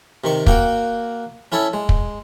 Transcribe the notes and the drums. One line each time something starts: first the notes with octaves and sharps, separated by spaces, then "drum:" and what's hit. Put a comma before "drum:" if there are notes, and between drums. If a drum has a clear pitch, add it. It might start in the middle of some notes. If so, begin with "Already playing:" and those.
C3 D#3 C#6
A#3 F#4 F#5 G5, drum: kick
C#4 E4 A4 C#5
G#3
drum: kick